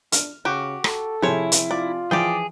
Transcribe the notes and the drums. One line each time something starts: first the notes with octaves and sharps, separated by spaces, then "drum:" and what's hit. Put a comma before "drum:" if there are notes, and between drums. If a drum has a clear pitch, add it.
D4 F6, drum: hi-hat
C#3 F#4 G4
A4, drum: rim click
C3 F3 E4 G#4 C5 C#5
drum: hi-hat
F4 D5
E3 F3 G4 G#4 D5 G5